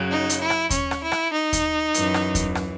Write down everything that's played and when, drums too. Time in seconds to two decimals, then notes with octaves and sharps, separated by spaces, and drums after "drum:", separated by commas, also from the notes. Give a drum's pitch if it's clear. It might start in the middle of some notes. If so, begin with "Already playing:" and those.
Already playing: F#2 C#3 F#3
0.10 D#4
0.30 drum: hi-hat
0.40 E4
0.50 drum: rim click
0.70 C#4, drum: kick D#2, hi-hat
0.91 drum: rim click
1.02 E4
1.12 drum: rim click
1.32 D#4
1.53 drum: kick D#2, hi-hat
1.94 F#2 E3, drum: hi-hat
2.14 drum: rim click
2.35 drum: kick D#2, hi-hat
2.55 drum: rim click